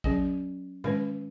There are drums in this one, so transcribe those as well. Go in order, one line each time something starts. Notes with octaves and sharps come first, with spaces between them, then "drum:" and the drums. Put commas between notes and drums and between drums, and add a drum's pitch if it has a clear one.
F#3 C#4 G#4 D#5, drum: kick A1
D#3 G#3 C#4 B4, drum: tom G#2